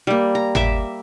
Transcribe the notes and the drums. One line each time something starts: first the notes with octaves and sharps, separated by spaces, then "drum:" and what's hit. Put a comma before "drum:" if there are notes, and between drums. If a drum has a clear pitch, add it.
G3 A#3
A#5
E5 D6, drum: tom G#1